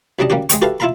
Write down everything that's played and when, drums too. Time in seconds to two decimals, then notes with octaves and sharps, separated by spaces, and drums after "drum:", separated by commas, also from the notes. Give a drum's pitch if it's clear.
0.19 B1 F#3 G3 D4 D#5
0.30 G3 A#3 C#4 F#4 G4
0.49 G#3 D#5 G5 C#6, drum: hi-hat
0.62 F#4 G4 A4 B4 E5 F5
0.80 E4 F4 E5 F5 A#5 B5